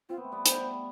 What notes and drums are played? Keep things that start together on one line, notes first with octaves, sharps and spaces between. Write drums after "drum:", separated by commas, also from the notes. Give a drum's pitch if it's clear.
C4 F4
B3
A3
G3 B3
C5, drum: hi-hat